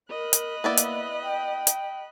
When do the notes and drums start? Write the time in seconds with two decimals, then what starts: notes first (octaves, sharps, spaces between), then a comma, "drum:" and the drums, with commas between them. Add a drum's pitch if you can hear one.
0.10 A#4 D#5 B5 F#6
0.33 drum: hi-hat
0.64 A#3 B3 E4 D5
0.77 drum: hi-hat
1.23 G5
1.67 drum: hi-hat